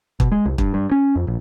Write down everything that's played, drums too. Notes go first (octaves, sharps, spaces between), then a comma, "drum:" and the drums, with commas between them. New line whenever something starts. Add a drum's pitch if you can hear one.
B2, drum: kick
G#3
C2
G2, drum: kick
G2
C#4
F2
A#1